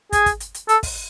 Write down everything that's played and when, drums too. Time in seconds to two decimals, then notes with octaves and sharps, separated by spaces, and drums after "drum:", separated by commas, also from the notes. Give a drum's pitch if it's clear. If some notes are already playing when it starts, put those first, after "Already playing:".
0.13 G#4, drum: kick, hi-hat
0.26 drum: kick, hi-hat
0.40 drum: hi-hat
0.54 drum: hi-hat
0.69 A4, drum: hi-hat
0.83 drum: kick, open hi-hat